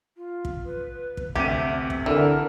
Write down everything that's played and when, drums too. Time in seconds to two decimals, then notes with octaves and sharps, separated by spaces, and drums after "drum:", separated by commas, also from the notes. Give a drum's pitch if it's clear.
0.17 F4
0.45 drum: kick
0.66 B4
1.17 drum: kick
1.35 D2 C3 G4 E5 D#7, drum: kick
1.90 drum: kick
2.06 D3 E3 A#4